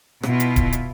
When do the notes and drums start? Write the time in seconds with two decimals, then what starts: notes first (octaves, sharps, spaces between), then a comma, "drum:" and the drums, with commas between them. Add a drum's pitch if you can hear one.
0.23 B2 E4 F4, drum: rim click
0.40 drum: hi-hat
0.56 drum: kick D1, hi-hat
0.73 drum: hi-hat